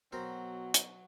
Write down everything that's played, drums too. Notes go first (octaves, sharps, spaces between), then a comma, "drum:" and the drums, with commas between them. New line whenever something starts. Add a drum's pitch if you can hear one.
B2 F#3 C4 A#4 C5
drum: hi-hat